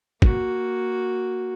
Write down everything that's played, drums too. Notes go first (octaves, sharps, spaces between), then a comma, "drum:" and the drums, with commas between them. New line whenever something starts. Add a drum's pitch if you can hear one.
A#3 F#4, drum: kick